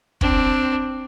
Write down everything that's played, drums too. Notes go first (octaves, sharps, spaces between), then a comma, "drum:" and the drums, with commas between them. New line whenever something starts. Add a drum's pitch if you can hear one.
C4 D4, drum: kick